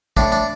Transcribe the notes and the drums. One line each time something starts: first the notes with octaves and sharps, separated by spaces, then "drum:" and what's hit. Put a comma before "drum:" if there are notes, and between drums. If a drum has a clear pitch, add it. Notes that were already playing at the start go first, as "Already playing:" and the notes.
A2 D4, drum: kick
D4